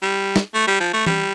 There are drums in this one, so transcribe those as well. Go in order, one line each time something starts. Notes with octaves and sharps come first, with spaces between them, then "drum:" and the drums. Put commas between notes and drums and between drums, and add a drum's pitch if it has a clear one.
G3
drum: snare
A3
G3
F3
A3
G3, drum: tom E3